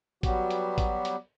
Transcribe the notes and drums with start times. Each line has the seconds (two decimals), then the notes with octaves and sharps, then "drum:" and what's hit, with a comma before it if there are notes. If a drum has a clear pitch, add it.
0.23 F#3 G3 B3 F#4 G4, drum: kick, hi-hat
0.51 drum: hi-hat
0.78 drum: kick, hi-hat
1.05 drum: hi-hat